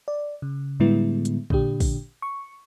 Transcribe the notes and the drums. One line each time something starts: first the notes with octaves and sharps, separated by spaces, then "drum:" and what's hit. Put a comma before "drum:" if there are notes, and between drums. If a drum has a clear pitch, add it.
D5
C#3
A2 D3 G3 G#3 B3 E4
drum: hi-hat
A#2 D3 D4 G4, drum: kick
drum: kick, open hi-hat
C#6